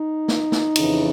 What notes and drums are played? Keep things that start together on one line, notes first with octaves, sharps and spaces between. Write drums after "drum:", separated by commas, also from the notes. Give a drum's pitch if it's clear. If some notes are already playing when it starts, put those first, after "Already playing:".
Already playing: D#4
drum: snare
drum: snare
F2 C#3 E3, drum: cymbal